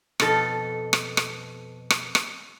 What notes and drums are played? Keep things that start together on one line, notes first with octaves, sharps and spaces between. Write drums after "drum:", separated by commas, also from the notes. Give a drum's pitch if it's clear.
F2 B2 A4, drum: rim click
drum: rim click
drum: rim click
drum: rim click
drum: rim click